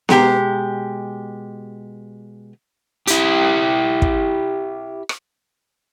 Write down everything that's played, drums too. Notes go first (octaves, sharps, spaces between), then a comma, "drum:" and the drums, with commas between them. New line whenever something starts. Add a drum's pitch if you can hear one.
B2 G#3 G4 A#5, drum: snare B3
E4 G4, drum: hi-hat
drum: kick
drum: rim click